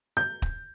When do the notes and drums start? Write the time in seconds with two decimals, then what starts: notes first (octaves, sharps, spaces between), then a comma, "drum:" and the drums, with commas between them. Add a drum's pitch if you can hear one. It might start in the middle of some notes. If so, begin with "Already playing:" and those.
0.17 G6
0.42 drum: kick